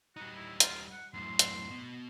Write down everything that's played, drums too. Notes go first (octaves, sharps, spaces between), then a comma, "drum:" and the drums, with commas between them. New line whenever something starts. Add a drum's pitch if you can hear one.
G3 D#4 F#4
E4
F4, drum: hi-hat
F#5
F#2 A2 C6
drum: hi-hat
B2